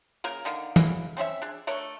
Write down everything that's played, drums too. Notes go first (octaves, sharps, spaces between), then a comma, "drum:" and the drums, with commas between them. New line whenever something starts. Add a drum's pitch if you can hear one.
C#3 A#3 A#4
D3 D#3 A#3
E3 F#3 G#3 A#3, drum: tom
C4 C#4 G#4 E5
D4 G#4
A3 D4 A#4 C#5